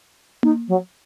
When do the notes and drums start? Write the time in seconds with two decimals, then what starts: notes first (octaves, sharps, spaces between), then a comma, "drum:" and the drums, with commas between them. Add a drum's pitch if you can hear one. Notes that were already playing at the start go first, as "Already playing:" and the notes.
0.43 D#4, drum: tom A#3
0.68 F#3